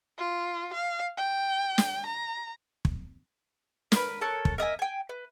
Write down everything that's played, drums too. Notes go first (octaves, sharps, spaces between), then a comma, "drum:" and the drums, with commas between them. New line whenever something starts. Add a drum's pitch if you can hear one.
F4
F5
G5
drum: snare
A#5
drum: kick
A#4 B4, drum: snare
A4 A#4 C#5 F#6
drum: kick
A#4 D#5 E5 G#5
G5 G#5
B4